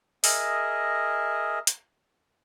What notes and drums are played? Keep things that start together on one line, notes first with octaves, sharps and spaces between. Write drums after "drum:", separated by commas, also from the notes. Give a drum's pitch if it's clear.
G#4 A#4 D#5 E5, drum: open hi-hat
drum: hi-hat